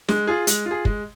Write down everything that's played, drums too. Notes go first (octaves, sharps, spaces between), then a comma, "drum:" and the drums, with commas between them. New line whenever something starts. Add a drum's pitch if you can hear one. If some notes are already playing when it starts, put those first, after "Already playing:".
G#3, drum: snare
F4 G#4
G#3, drum: hi-hat
F4
G#4
G#3, drum: kick